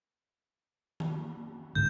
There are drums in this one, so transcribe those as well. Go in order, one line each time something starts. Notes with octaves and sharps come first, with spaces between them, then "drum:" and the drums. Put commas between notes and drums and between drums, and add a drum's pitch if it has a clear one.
drum: tom D#3
D1 G#2 D3 G6